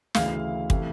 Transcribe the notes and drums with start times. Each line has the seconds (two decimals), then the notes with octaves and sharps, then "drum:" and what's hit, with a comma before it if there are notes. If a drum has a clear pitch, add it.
0.15 D2 C#3 E3 F5, drum: snare
0.70 C3 E3 A3, drum: kick